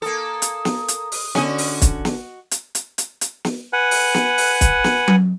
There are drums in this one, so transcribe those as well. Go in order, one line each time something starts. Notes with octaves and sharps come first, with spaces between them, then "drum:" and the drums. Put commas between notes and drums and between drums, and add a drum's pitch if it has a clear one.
A#3 A4 D#6
drum: hi-hat
drum: snare
drum: hi-hat
drum: open hi-hat
D3 C#4 F#4 D#5, drum: snare
drum: open hi-hat
drum: kick, hi-hat
drum: snare
drum: hi-hat
drum: hi-hat
drum: hi-hat
drum: hi-hat
drum: snare
B4 F#5 G#5
drum: open hi-hat
drum: snare
drum: open hi-hat
drum: kick, hi-hat
drum: snare
drum: tom F#3